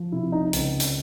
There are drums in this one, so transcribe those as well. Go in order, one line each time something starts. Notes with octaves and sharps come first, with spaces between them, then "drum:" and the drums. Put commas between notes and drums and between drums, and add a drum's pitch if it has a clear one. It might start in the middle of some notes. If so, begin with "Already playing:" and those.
Already playing: F3
C3 E4
D#4
C#2, drum: hi-hat
drum: hi-hat